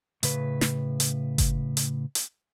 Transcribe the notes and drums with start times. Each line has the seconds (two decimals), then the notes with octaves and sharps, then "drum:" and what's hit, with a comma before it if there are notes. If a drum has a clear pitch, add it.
0.23 A2 C#3 B4, drum: hi-hat
0.61 drum: snare
1.00 drum: hi-hat
1.38 drum: kick G1, hi-hat
1.77 drum: hi-hat
2.15 drum: hi-hat